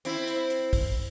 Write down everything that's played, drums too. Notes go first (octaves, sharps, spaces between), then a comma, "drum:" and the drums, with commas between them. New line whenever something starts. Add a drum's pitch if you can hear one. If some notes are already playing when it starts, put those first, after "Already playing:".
C4 E4, drum: hi-hat
drum: hi-hat
drum: hi-hat
drum: kick, open hi-hat